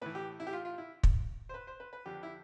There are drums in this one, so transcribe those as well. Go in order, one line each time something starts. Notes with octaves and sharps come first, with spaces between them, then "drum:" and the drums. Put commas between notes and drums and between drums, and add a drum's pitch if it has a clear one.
A2 E3 B4
G4
E4
G4
F4
F4
E4
drum: kick
C5
B4
C5
B4
B4
F2 D3 G4
E4